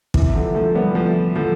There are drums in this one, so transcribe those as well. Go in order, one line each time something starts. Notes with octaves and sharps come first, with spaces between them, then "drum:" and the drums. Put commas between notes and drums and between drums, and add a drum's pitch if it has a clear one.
C3 E3, drum: kick
D3 F3
F3 A3
G3 B3
F3 A3
D3 F3